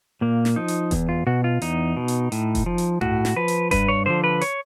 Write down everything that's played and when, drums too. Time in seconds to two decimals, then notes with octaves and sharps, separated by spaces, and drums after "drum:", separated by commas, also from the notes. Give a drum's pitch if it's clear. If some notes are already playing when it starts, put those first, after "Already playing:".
0.21 A#2 A#3
0.45 drum: snare
0.56 F3 D#4
0.68 drum: hi-hat
0.91 E2, drum: kick F1, hi-hat
1.09 F4
1.27 B2 F#4
1.44 F4
1.62 E2 D#4, drum: hi-hat
1.97 B2
2.08 drum: hi-hat
2.32 A2, drum: hi-hat
2.55 drum: kick F1, hi-hat
2.66 F3
2.78 drum: hi-hat
3.01 A2 F#4, drum: tom G2
3.25 drum: snare
3.36 F3 B4
3.48 drum: hi-hat
3.71 G2 B4, drum: kick F1, hi-hat
3.88 C#5
4.06 D3 F3 C5
4.24 B4
4.41 C#5, drum: hi-hat